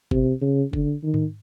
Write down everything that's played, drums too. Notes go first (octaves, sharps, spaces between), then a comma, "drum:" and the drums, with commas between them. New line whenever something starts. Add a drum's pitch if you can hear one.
C3, drum: kick
C#3
D3, drum: kick
D#3
drum: tom G#2